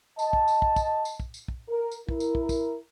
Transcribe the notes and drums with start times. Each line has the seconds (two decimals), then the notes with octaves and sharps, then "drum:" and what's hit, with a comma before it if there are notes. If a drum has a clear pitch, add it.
0.19 D#5 A5, drum: tambourine
0.33 drum: kick
0.48 drum: tambourine
0.62 drum: kick
0.76 drum: kick, tambourine
1.05 drum: tambourine
1.20 drum: kick
1.34 drum: tambourine
1.48 drum: kick
1.69 A#4
1.92 drum: tambourine
2.09 E4 A#4, drum: kick
2.20 drum: tambourine
2.35 drum: kick
2.49 drum: kick, tambourine